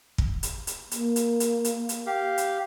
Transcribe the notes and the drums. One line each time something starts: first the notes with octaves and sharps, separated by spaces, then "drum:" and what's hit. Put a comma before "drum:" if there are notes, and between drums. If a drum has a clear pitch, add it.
drum: kick
drum: hi-hat
drum: hi-hat
A#3, drum: hi-hat
drum: hi-hat
drum: hi-hat
drum: hi-hat
drum: hi-hat
G4 F5
drum: hi-hat